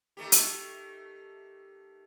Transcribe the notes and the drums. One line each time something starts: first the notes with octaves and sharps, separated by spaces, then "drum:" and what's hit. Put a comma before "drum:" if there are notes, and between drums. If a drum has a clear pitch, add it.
D#3 A3 G4
drum: hi-hat